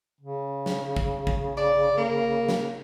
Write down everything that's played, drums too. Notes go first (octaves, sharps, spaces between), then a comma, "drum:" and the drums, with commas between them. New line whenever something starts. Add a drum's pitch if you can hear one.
C#3
drum: snare
drum: kick
drum: kick
D5
A#3
drum: snare